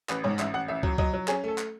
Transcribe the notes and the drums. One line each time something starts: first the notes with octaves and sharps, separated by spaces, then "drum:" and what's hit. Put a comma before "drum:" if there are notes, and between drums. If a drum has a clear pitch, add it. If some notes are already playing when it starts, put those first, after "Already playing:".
A1 B4, drum: clap
G#2 C#5
A1 E5, drum: clap
A1 F#5
A1 E5
F#3, drum: kick
F#3 D#5, drum: kick
F#3
C#4 G#4, drum: clap
A3 A4
drum: clap